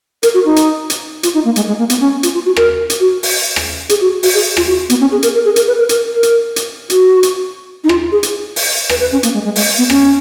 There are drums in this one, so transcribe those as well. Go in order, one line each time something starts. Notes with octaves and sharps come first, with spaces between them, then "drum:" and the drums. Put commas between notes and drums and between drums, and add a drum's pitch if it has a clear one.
A#4, drum: hi-hat
F#4
D#4
drum: hi-hat
drum: hi-hat
F4, drum: hi-hat
D#4
A#3
G#3, drum: hi-hat
G#3
A#3
B3, drum: hi-hat
C#4
F4, drum: hi-hat
F4
F#4
A#4, drum: rim click
drum: hi-hat
F#4
drum: open hi-hat
drum: rim click
G#4, drum: hi-hat
F#4
F#4, drum: open hi-hat
G#4
F4, drum: rim click
F#4
B3, drum: hi-hat
C#4
G#4
A#4, drum: hi-hat
A#4
G#4
A#4, drum: hi-hat
B4
A#4
A#4, drum: hi-hat
A#4
drum: hi-hat
drum: hi-hat
F#4, drum: hi-hat
drum: hi-hat
D#4
F4, drum: rim click
G#4
drum: hi-hat
drum: open hi-hat
B4, drum: rim click
B4
C#4
A#3, drum: hi-hat
G#3
G#3
G#3, drum: open hi-hat
B3
C#4, drum: rim click